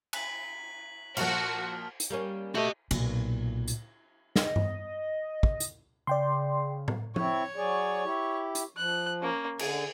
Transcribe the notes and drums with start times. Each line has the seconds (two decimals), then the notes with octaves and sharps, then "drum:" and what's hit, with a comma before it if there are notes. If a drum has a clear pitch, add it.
0.13 F#6 B6 F#7, drum: cymbal
1.17 A#2 F3 F#4 F6, drum: cymbal
2.00 drum: hi-hat
2.10 G3 A#3 C#4
2.55 A3 F#4 G4 D#5
2.91 B1 A#2, drum: cymbal
3.68 drum: hi-hat
4.36 D#5, drum: snare
4.56 drum: tom G2
5.43 drum: kick
5.60 drum: hi-hat
6.07 C#3 D5 G5 C6
6.88 drum: tom A2
7.16 C4 E4 C#5 C#6, drum: tom
7.56 F#3 G#4 D5
8.04 E4 G4
8.55 drum: hi-hat
8.77 F3 F#6
9.21 A#3 C#4
9.59 D3 G#4, drum: cymbal